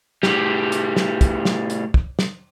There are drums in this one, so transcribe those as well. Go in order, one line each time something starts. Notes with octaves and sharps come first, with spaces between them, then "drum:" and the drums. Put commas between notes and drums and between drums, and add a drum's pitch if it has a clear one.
A2 G3, drum: snare
drum: hi-hat
drum: snare
drum: kick, hi-hat
drum: snare
drum: hi-hat
drum: kick
drum: snare